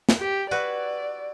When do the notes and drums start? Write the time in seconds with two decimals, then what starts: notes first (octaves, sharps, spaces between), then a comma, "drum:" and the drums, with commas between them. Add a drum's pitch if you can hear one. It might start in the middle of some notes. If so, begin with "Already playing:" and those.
0.09 drum: snare
0.19 G4
0.51 E4 F#4 B4 D5